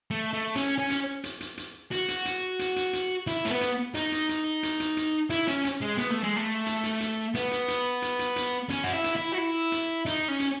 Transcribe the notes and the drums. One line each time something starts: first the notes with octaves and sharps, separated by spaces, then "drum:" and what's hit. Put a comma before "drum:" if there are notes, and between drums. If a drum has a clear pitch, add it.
A3
A3
C#4, drum: hi-hat
C#4
drum: hi-hat
drum: hi-hat
drum: hi-hat
drum: hi-hat
F#4, drum: hi-hat
drum: hi-hat
drum: hi-hat
drum: hi-hat
drum: hi-hat
drum: hi-hat
E4, drum: hi-hat
A3, drum: hi-hat
B3
drum: hi-hat
D#4, drum: hi-hat
drum: hi-hat
drum: hi-hat
drum: hi-hat
drum: hi-hat
drum: hi-hat
E4, drum: hi-hat
C#4, drum: hi-hat
drum: hi-hat
G#3
B3, drum: hi-hat
A3
G#3
A3
drum: hi-hat
drum: hi-hat
drum: hi-hat
B3, drum: hi-hat
drum: hi-hat
drum: hi-hat
drum: hi-hat
drum: hi-hat
drum: hi-hat
C#4, drum: hi-hat
F#4, drum: hi-hat
E4
drum: hi-hat
E4
F#4
E4
drum: hi-hat
D#4, drum: hi-hat
C#4
drum: hi-hat